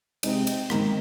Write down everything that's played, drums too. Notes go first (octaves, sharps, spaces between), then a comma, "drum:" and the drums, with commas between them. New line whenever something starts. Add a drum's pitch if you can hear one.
C3 G#3 C4 D#4, drum: cymbal
drum: cymbal
G#2 D#3 A#3 C4, drum: rim click